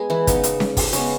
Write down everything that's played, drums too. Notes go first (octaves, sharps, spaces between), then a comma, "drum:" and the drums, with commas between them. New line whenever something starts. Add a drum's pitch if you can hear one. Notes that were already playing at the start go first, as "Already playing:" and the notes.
Already playing: G#3 B3 G#4
E3 E4
C#3 G#3 B3 D#4, drum: kick, hi-hat
drum: hi-hat
drum: snare C#4
drum: kick, open hi-hat
C#3 G#3 B3 C#4, drum: hi-hat